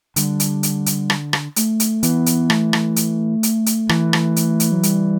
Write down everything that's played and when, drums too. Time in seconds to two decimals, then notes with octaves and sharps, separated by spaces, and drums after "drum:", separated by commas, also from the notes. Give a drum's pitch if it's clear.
0.16 D3 G3, drum: hi-hat
0.40 drum: hi-hat
0.63 drum: hi-hat
0.86 drum: hi-hat
1.10 drum: rim click
1.33 drum: rim click
1.56 A3, drum: hi-hat
1.80 drum: hi-hat
2.03 E3 B3, drum: hi-hat
2.26 drum: hi-hat
2.50 A3, drum: rim click
2.73 drum: rim click
2.96 drum: hi-hat
3.43 drum: hi-hat
3.66 drum: hi-hat
3.89 E3, drum: rim click
4.13 drum: rim click
4.36 drum: hi-hat
4.60 drum: hi-hat
4.71 F#3
4.83 G3, drum: hi-hat